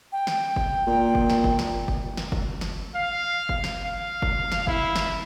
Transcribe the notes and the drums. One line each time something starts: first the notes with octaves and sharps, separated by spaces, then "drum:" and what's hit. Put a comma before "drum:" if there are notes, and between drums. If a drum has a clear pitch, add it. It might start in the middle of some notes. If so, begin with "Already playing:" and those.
G5
drum: snare
drum: kick F#1
A#2
drum: kick F#1
drum: snare
drum: kick F#1
drum: snare
drum: kick F#1
drum: snare
drum: kick F#1
drum: snare
F5
drum: kick F#1
drum: snare
F5
drum: kick F#1
drum: snare
E4, drum: kick F#1
drum: snare